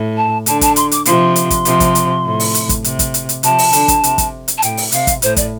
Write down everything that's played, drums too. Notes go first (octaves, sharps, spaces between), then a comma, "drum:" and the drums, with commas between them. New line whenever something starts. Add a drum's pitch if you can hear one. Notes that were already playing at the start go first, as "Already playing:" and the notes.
Already playing: A2
A5
D3 A5, drum: hi-hat
A5, drum: kick, hi-hat
C6, drum: hi-hat
D6, drum: hi-hat
C3 F3 C6, drum: hi-hat
drum: hi-hat
drum: kick, hi-hat
C3 F3, drum: hi-hat
drum: kick, hi-hat
drum: hi-hat
A2
drum: open hi-hat
drum: hi-hat
drum: kick, hi-hat
C3, drum: hi-hat
drum: kick, hi-hat
drum: hi-hat
drum: hi-hat
C3 F3 A5, drum: hi-hat
drum: open hi-hat
D3, drum: hi-hat
drum: kick, hi-hat
C3, drum: hi-hat
drum: kick, hi-hat
drum: hi-hat
A5
A2 G5, drum: hi-hat
drum: open hi-hat
C3 F5, drum: hi-hat
drum: kick, hi-hat
A2 C5, drum: hi-hat
D5, drum: kick, hi-hat